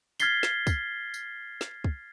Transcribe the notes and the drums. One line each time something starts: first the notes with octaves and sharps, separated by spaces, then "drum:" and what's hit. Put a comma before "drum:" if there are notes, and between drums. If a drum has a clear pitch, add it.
F6 G#6 A6 B6 C7 G7, drum: tambourine
drum: snare
drum: kick, tambourine
drum: tambourine
drum: snare
drum: kick